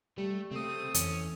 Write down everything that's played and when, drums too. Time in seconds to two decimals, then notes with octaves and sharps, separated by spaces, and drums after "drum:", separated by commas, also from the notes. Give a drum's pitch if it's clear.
0.18 G3 A3 G4
0.51 C#3 A3 C4 D#6
0.94 F2 E3 C#4, drum: hi-hat